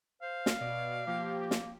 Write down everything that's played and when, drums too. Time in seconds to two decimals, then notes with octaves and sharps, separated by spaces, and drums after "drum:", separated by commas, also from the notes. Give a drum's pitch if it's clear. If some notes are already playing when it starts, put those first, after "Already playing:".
0.22 C5 F5
0.46 drum: snare
0.61 B2 D5
1.06 F3 A#3 G4
1.51 drum: snare